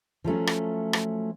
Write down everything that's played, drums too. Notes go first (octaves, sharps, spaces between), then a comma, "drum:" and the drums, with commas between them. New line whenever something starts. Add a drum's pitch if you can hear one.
F3 F#3 A3 C#4
drum: rim click
drum: rim click